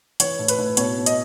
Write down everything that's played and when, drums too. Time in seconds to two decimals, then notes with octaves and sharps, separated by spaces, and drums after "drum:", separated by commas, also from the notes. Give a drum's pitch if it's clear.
0.20 E3 C#5, drum: hi-hat
0.39 A2
0.48 B4, drum: hi-hat
0.58 A2
0.77 B2 C#5, drum: hi-hat
0.97 B2
1.06 D#5, drum: hi-hat